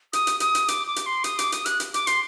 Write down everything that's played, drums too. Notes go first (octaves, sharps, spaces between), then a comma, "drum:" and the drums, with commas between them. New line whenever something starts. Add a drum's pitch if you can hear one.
D#6, drum: hi-hat
drum: hi-hat
D#6, drum: hi-hat
drum: hi-hat
D6, drum: hi-hat
D6
drum: hi-hat
C6
D#6, drum: hi-hat
D6, drum: hi-hat
D#6, drum: hi-hat
F#6, drum: hi-hat
drum: hi-hat
D6, drum: hi-hat
C6, drum: hi-hat